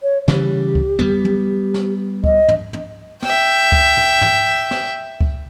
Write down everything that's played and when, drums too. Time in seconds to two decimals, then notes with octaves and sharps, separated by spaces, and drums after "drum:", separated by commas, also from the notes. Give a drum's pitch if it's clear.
0.01 C#5
0.28 C#3 E3 G3 G4, drum: snare
0.75 drum: kick C#2
0.99 G3 B3, drum: tom
1.25 drum: tom
1.74 drum: snare
2.24 D#5, drum: kick C#2
2.48 drum: tom
2.73 drum: tom
3.22 E5 G5, drum: snare
3.72 drum: kick C#2
3.97 drum: tom
4.22 drum: tom
4.71 drum: snare
5.21 drum: kick C#2